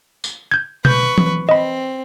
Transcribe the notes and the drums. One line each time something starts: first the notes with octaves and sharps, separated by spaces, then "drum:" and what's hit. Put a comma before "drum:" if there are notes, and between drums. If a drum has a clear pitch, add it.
drum: tambourine
G6 G#6
B4 C#6 G6, drum: tom B2
drum: tom E3
C4 D#5 B5